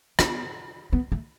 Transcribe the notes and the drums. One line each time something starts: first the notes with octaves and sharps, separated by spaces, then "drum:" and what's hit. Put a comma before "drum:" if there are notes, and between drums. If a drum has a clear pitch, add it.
B3, drum: rim click
B3
A3